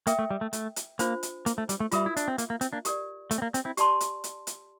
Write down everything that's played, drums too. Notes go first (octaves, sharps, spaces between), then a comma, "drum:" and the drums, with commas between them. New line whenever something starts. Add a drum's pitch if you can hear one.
A#3 A#4 E5 G5, drum: hi-hat
A3
G3
A3
A3, drum: hi-hat
drum: hi-hat
A#3 D4 F4 C5, drum: hi-hat
drum: hi-hat
A#3, drum: hi-hat
A3
G3, drum: hi-hat
A3
G3 F4 A#4 E5, drum: hi-hat
E4
D4, drum: hi-hat
C4
A#3, drum: hi-hat
A#3
C4, drum: hi-hat
A#3 D4
G4 A#4 D5, drum: hi-hat
A3, drum: hi-hat
C4
A#3
C4, drum: hi-hat
C4 E4
G4 D5 A5 C6, drum: hi-hat
drum: hi-hat
drum: hi-hat
drum: hi-hat